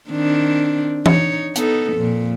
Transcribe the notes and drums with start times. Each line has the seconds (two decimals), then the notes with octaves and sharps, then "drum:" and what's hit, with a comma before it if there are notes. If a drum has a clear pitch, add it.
0.10 D#3 C4 D4
1.06 D#4 C#5, drum: tom E3
1.55 B3 D#4 A4, drum: hi-hat
1.93 F2 A#2